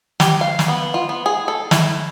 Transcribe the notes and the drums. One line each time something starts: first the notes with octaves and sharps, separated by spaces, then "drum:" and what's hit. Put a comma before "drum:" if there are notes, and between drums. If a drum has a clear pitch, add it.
G4, drum: snare
F5
drum: snare
B3
F4
B3
G#4
A4
E4, drum: snare